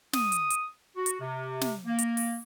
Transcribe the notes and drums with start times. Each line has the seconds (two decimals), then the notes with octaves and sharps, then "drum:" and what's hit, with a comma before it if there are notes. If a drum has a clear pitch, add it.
0.13 D#6, drum: snare
0.32 drum: hi-hat
0.50 drum: hi-hat
0.96 F#4
1.06 drum: hi-hat
1.20 C3
1.61 drum: snare
1.86 A#3
1.98 drum: hi-hat
2.17 drum: open hi-hat